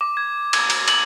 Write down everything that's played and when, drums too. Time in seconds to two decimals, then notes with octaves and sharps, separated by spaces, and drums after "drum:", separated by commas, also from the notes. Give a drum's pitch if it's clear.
0.01 D6
0.17 G#6
0.53 G#6, drum: cymbal
0.70 drum: cymbal
0.88 F#7, drum: cymbal